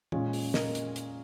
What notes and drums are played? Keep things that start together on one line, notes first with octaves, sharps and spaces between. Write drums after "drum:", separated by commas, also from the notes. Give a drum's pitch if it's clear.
A#2 G#3 C#4 F4, drum: tom
drum: open hi-hat
A#4 D#5, drum: snare
drum: hi-hat
drum: hi-hat